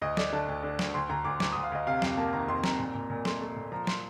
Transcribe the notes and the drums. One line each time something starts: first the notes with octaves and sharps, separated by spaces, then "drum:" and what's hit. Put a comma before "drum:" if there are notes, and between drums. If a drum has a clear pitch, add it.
D2 D#5
A3 D5, drum: snare
D3 A5
D2
D3
D2, drum: snare
D2 C6
D2 A#5
D2 D6
D2 D6, drum: snare
D2 D#6
F5
D2 D#5
C3 F5
F2 F5, drum: snare
A#3 A5
D#3 A#5
F2 C6
F2 A#5, drum: snare
A#2
A#2
A#2
A3 C6, drum: snare
A3
A#2
F3 A#5
C6, drum: snare